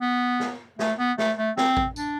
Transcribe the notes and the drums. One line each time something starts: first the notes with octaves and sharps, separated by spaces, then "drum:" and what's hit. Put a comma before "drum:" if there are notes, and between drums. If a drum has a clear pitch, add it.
B3
drum: snare
A3, drum: snare
B3
A3, drum: snare
A3
C4, drum: snare
drum: kick A1
D4, drum: tambourine